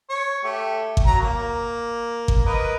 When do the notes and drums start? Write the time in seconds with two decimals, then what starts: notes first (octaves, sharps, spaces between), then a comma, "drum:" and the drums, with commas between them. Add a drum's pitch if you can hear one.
0.09 C#5
0.44 A3 G4
0.97 drum: kick G#1
1.06 F#3 A#5
1.20 A#3
2.28 drum: kick G#1
2.46 A#4 B4 D#5